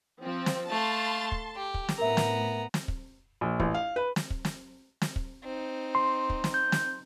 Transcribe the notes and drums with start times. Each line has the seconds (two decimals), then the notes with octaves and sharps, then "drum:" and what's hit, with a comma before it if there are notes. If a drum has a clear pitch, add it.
0.20 F3 C4
0.46 drum: snare
0.69 A3 F5 A5 C6
1.32 drum: kick
1.56 G4
1.74 drum: kick
1.89 drum: snare
1.98 A2 B3 A#4 E5 A#5
2.17 drum: snare
2.74 drum: snare
2.88 drum: kick
3.41 A#1
3.60 A1, drum: kick
3.74 F5
3.96 B4
4.16 drum: snare
4.30 drum: kick
4.45 drum: snare
5.02 drum: snare
5.16 drum: kick
5.44 C4 D#4
5.95 C6
6.30 drum: kick
6.44 drum: snare
6.54 G6
6.72 drum: snare